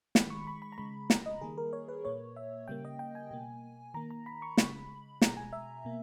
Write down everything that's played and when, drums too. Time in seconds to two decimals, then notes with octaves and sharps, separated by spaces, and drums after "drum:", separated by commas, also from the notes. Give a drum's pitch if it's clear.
0.15 D#3 G#3 B5, drum: snare
0.30 C#6
0.47 B5
0.62 B5
0.72 A#5
0.78 C#3 G#3 B5
1.10 A#5, drum: snare
1.26 D#5
1.41 D#3 G3 A#3 G#4
1.58 A#4
1.73 C#5
1.88 B4
2.05 A#2 A#3 C#5
2.36 E5
2.68 C#3 G3 A#3 G5
2.85 D#5
2.99 G5
3.15 G#5
3.31 B2 A#3
3.94 D#3 A#3 A#5
4.11 A#5
4.26 B5
4.42 C#6
4.57 C#3 G#3 B5, drum: snare
5.22 B2 G#3 A#5, drum: snare
5.37 G#5
5.53 E5
5.85 B2 A#3